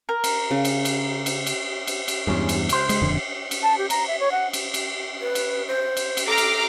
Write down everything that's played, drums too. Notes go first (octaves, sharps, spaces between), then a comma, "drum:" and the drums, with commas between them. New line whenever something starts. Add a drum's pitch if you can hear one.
A#4
drum: cymbal
C#3
drum: cymbal
drum: cymbal
drum: cymbal
drum: cymbal
drum: cymbal
drum: cymbal
E2 G2 G#3 C#4
drum: cymbal
C#2 C5, drum: cymbal
G#3, drum: cymbal
D#1 F2 D3
drum: cymbal
A5
G4
A#5, drum: cymbal
E5
C#5
F#5
drum: cymbal
drum: cymbal
B4
drum: cymbal
C5
drum: cymbal
drum: cymbal
A4 A#5 D6 F6
drum: cymbal